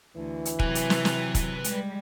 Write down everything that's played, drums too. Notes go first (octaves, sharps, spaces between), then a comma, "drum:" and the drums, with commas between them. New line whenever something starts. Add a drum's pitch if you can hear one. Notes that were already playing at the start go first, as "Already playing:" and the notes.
D2 E3
drum: hi-hat
C3 F#3 B4 G#5, drum: kick
drum: hi-hat
drum: snare
drum: snare
drum: kick, hi-hat
G3 G#3, drum: hi-hat